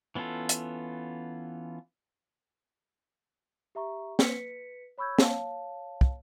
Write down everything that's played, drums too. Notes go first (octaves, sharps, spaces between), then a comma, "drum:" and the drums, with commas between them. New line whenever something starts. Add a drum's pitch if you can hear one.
E3 B3 C#4 F4 A4
drum: hi-hat
G4 E5 A#5 C#6
B4 B6 C#7, drum: snare
C#5 B5 C#6 E6 G6 G#6
C#5 F5 A5, drum: snare
drum: kick